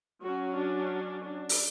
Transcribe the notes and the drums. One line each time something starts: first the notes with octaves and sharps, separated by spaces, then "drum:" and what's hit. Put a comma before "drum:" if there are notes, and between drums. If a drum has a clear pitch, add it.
F#3 C#4 F#4
D4
D4
drum: open hi-hat